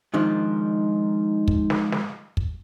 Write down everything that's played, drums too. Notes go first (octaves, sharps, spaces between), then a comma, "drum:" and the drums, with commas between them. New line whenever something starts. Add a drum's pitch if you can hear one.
G#2 D#3 F3 D4
drum: kick
drum: snare
drum: snare
drum: kick